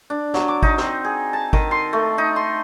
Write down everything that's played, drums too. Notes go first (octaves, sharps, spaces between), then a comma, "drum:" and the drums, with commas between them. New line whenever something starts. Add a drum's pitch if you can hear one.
D4
F#3, drum: snare
D6
D#4, drum: kick G#1
C4, drum: snare
G#4
A5
D#3, drum: kick G#1
C6
A3
D#4
C6